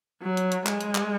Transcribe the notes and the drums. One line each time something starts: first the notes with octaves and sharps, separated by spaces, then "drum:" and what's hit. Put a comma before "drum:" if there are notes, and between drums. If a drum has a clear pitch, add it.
F#3
drum: hi-hat
drum: hi-hat
G#3, drum: clap
drum: hi-hat
drum: clap